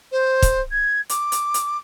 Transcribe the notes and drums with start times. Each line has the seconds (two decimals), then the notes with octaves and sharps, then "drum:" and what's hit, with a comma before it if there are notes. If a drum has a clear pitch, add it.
0.11 C5
0.42 drum: kick, hi-hat
0.71 G#6
1.09 D6, drum: hi-hat
1.32 drum: hi-hat
1.54 drum: hi-hat